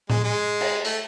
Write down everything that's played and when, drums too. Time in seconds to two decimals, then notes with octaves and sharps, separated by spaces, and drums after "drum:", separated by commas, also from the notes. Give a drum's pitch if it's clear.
0.10 G#3, drum: tom A2
0.24 G#3
0.61 drum: cymbal
0.85 A3, drum: hi-hat